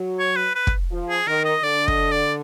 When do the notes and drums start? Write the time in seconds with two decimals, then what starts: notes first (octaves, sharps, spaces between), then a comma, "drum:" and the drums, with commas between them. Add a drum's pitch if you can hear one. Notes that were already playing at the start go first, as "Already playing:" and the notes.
Already playing: F#3
0.19 C#5
0.36 B4
0.55 B4
0.67 drum: kick
0.91 F3
1.10 G#4
1.27 D#3 A#4
1.45 D#5
1.63 D3 D5
1.88 D#5, drum: kick
2.11 D5